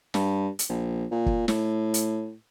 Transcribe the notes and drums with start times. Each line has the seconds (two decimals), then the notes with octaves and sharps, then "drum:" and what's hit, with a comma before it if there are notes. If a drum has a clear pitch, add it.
0.14 G2, drum: snare
0.59 drum: hi-hat
0.69 A#1
1.11 A#2
1.26 drum: kick
1.48 A2, drum: snare
1.94 drum: hi-hat